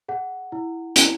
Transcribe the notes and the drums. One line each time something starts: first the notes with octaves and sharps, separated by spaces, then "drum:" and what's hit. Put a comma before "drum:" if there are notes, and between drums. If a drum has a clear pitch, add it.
G#4 F#5
E4
E4, drum: hi-hat